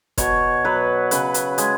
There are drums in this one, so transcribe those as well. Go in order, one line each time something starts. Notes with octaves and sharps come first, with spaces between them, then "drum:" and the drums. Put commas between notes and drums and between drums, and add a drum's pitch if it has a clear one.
B2 C#5, drum: kick, hi-hat
F#3 B4
C#3 B4, drum: hi-hat
drum: hi-hat
G#3 G#4, drum: hi-hat